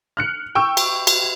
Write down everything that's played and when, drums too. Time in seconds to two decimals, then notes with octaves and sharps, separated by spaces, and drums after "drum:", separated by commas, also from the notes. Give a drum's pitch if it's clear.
0.17 F6 F#6 C#7
0.55 G5 C#6 E6
0.77 drum: cymbal
1.07 drum: cymbal